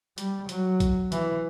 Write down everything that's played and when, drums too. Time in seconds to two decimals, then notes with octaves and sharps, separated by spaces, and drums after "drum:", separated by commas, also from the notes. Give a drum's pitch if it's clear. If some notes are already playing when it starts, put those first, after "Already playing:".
0.18 G3, drum: hi-hat
0.49 F#3, drum: hi-hat
0.80 drum: kick B1, hi-hat
1.12 E3, drum: hi-hat